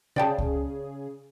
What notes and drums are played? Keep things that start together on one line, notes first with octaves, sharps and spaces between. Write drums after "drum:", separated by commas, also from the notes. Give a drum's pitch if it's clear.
C#3 G#4 D5 G5 A5
drum: kick C#2